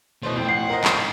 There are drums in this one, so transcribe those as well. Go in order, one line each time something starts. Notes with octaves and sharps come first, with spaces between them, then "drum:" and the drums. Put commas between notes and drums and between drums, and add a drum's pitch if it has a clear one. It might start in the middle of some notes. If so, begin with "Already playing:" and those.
B2 E3 A3 C5
F2 A2 C4
F#5 C7
A#4 C5 D#5
F3 G3 C#6, drum: clap
G#2